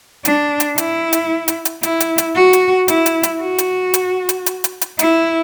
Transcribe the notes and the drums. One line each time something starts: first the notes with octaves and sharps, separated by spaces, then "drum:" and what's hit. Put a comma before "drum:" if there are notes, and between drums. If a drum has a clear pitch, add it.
D4, drum: hi-hat
drum: hi-hat
E4, drum: hi-hat
drum: hi-hat
drum: hi-hat
drum: hi-hat
E4, drum: hi-hat
drum: hi-hat
drum: hi-hat
F#4
drum: hi-hat
E4, drum: hi-hat
drum: hi-hat
drum: hi-hat
F#4
drum: hi-hat
drum: hi-hat
drum: hi-hat
drum: hi-hat
drum: hi-hat
drum: hi-hat
E4, drum: hi-hat